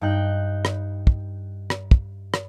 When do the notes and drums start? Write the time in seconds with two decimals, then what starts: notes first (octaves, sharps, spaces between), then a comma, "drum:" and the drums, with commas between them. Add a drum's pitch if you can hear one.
0.01 G2 D#4 G5 F#6
0.65 drum: rim click
1.07 drum: kick
1.70 drum: rim click
1.91 drum: kick
2.34 drum: rim click